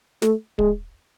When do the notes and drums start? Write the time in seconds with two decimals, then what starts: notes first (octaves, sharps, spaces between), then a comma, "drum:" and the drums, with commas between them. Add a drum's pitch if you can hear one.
0.22 A3, drum: snare
0.59 G#3, drum: kick